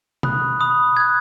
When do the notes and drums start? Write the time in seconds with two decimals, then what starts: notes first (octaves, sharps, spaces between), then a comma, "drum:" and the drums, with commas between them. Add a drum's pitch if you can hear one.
0.23 B5 D#6 F#6, drum: tom B2
0.60 B5 D#6 F#6
0.96 B5 D#6 F#6 G#6